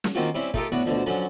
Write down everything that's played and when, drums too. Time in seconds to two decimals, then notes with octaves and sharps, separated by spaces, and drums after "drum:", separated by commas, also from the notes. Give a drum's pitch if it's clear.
0.04 drum: snare
0.15 D#3 A#3 C4 C#4 F4 F#4
0.34 G3 C4 C#4 E4
0.54 A3 D#4 F4 G4 A4 A#4, drum: kick
0.72 A2 B3 D4 F#4 C#5
0.85 D2 B2 D3 F3
1.06 D3 F3 F#3 C#4